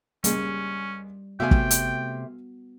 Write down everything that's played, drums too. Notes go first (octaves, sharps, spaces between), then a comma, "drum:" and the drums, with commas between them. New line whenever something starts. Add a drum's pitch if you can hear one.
C#2 A#2 G3 G#3 C#4, drum: hi-hat
C3 A3 B3 F#4 E5 F5 G5 G#5
drum: kick
drum: hi-hat